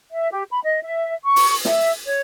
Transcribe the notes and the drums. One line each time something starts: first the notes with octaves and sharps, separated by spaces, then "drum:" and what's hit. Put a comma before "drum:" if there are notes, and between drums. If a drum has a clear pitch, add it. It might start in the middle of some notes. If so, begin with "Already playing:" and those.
E5
G4
B5
D#5
E5
C#6
drum: open hi-hat
E5, drum: snare
C#5